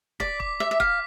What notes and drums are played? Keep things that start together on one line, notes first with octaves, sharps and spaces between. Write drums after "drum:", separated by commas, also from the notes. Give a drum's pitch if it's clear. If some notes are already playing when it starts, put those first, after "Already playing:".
D5 B6, drum: kick
D6, drum: kick
E5 D6
E5
F5 B6, drum: kick